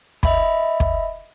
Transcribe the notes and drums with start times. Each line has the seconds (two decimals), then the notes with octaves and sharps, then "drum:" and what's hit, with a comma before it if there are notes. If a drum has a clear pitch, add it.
0.23 D#5 E5 B5, drum: kick
0.80 drum: kick